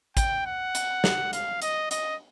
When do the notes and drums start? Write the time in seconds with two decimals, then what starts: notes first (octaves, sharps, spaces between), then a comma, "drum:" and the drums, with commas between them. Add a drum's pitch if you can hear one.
0.17 G5, drum: kick A1, hi-hat
0.46 F#5
0.75 drum: hi-hat
1.04 drum: snare
1.33 F5, drum: hi-hat
1.62 D#5, drum: hi-hat
1.91 D#5, drum: hi-hat